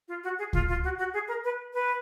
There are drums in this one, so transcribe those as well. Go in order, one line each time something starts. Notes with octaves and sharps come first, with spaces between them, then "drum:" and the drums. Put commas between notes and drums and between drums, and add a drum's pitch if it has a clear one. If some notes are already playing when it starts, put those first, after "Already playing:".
F4
F#4
G#4
F4, drum: kick C#2
F4
F#4
F#4
G#4
A#4
B4
B4